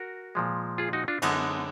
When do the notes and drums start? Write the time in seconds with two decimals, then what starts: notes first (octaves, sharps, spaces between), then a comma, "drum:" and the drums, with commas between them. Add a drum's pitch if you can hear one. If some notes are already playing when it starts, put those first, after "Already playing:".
Already playing: F#4 A#4
0.35 A#2 F3 G#3
0.78 F4 G#4
0.93 D#4 F#4
1.08 D4 F4
1.22 F#2 D3 G#3 B3 D#4, drum: cymbal